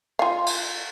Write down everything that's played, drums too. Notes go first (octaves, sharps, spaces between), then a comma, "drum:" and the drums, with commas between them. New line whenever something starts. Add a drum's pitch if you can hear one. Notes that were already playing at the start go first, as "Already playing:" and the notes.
F4 F5
drum: cymbal